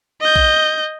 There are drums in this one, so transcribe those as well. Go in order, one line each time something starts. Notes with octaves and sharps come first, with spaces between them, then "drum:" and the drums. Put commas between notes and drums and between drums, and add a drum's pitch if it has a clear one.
D#5 G6
drum: kick A#1